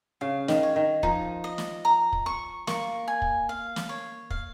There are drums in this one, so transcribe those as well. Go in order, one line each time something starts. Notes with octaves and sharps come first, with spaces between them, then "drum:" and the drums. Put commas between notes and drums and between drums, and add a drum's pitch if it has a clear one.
C#3 F5
D#3, drum: snare
C#5
D#3
F3 D#4, drum: kick
D#5
drum: snare
A#5
drum: kick
C#6
A#3 C#6, drum: snare
G#5
drum: kick
F5
drum: snare
C#5
F5, drum: kick